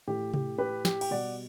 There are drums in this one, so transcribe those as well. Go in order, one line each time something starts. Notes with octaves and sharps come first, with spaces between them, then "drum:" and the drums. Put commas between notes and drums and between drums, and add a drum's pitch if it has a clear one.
A2 E3 A3 G4
G4, drum: tom C3
G4 B4
G4, drum: snare
G5, drum: cymbal
B2 G3 D5 F#5